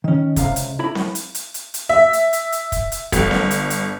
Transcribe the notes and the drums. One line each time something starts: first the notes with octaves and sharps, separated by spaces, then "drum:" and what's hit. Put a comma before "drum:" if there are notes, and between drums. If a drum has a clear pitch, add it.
D#3 C#4
C#2 C3 F5, drum: kick, hi-hat
drum: hi-hat
E4 A#5 B5
drum: snare C4
drum: hi-hat
drum: hi-hat
drum: hi-hat
drum: hi-hat
E5
drum: hi-hat
drum: hi-hat
drum: hi-hat
drum: kick, hi-hat
drum: hi-hat
G1, drum: kick, hi-hat
drum: snare C4
drum: hi-hat
drum: hi-hat